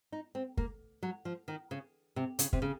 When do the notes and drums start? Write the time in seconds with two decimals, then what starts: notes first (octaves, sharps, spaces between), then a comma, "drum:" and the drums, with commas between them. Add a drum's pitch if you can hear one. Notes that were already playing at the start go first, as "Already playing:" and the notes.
0.12 D#4
0.35 C4
0.57 A#3, drum: kick
1.03 F#3
1.25 F3
1.48 D#3
1.71 C#3
2.16 C3
2.39 C#3, drum: hi-hat
2.53 C3, drum: kick
2.62 C#3